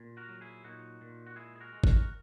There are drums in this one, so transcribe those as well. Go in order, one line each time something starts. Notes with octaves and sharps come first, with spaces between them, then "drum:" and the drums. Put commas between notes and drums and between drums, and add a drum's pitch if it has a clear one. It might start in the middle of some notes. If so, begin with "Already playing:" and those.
Already playing: A#2
F#4 A#4
F#3
E4 G#4
A#2 D#4 F#4
A#2
F#4
G#3 E4 G#4
G#4
F#4 A#4
G#3
F#4 A#4, drum: kick G#1